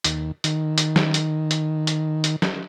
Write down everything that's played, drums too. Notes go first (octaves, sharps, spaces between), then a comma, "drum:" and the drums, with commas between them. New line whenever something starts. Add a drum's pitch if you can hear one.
D#2, drum: hi-hat
D#3, drum: hi-hat
drum: hi-hat
drum: snare
drum: hi-hat
drum: hi-hat
drum: hi-hat
drum: hi-hat
drum: snare